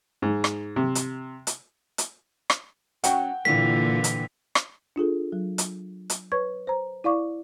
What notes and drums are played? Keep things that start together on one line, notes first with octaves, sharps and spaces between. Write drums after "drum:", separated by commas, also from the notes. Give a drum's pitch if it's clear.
G#2
drum: rim click
C3
drum: hi-hat
drum: hi-hat
drum: hi-hat
drum: rim click
F#3 C#4 F#4 F#5 G5, drum: hi-hat
A#2 D3 E3 A#3 E4 F4 B6
drum: hi-hat
drum: rim click
D4 F4 G#4 A4
F#3
drum: hi-hat
drum: hi-hat
B4 C#5 C#6 G#6
C5 A#5
E4 D5 F5 C#6 D6